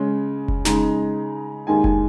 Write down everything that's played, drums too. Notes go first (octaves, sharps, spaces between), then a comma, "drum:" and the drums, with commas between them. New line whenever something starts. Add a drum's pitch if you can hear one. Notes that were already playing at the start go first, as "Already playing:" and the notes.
Already playing: C#3 G#3 C#4
drum: kick F1
C#3 G#3 D#4 A#5, drum: snare
D#2 D#3 G#3 D#4 G#5
G#5, drum: kick F1